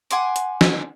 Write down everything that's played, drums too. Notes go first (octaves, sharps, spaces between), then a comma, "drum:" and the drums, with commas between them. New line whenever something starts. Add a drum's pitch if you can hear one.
F#5 G#5 C6 D6, drum: hi-hat
drum: hi-hat
drum: snare